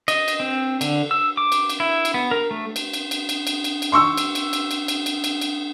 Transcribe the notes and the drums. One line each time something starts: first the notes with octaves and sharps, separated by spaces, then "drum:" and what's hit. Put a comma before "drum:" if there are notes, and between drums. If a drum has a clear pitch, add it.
D#5, drum: cymbal
drum: cymbal
C4
D3, drum: cymbal
E6
D6
drum: cymbal
drum: cymbal
E4
drum: cymbal
B3
A#4
A3
drum: cymbal
drum: cymbal
drum: cymbal
drum: cymbal
drum: cymbal
drum: cymbal
drum: cymbal
C6 C#6 E6
drum: cymbal
drum: cymbal
drum: cymbal
drum: cymbal
drum: cymbal
drum: cymbal
drum: cymbal
drum: cymbal